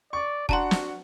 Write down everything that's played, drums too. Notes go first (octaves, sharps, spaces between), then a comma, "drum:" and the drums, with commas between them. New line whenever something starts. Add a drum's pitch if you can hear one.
D5 C#6
D4 F#4 F#5 A5 A#5 C6, drum: kick F1
drum: snare